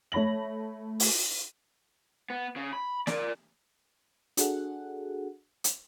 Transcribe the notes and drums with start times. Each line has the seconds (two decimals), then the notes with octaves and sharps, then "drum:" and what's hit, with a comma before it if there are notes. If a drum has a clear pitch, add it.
0.12 A3 C#5 B5 A#6 F#7
1.00 drum: open hi-hat
2.30 B3
2.56 C#3
2.73 B5
3.07 A#4 D5, drum: snare
4.37 D4 F#4 G#4 A4 F#5, drum: hi-hat
5.64 drum: hi-hat